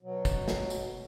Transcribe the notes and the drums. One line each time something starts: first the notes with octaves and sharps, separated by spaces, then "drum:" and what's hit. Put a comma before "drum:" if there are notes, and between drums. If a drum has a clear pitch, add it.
B2 F#3
drum: kick, tambourine
drum: snare
drum: tambourine